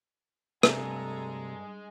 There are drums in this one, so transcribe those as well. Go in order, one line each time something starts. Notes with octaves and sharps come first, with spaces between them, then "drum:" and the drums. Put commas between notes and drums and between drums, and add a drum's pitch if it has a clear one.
G2 C3 G#3 A3 G#4 A4 A#5, drum: rim click